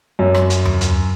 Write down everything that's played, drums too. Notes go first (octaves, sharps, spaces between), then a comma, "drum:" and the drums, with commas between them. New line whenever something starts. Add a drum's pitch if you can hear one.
F#2
drum: rim click
drum: hi-hat
drum: tom D#2
drum: hi-hat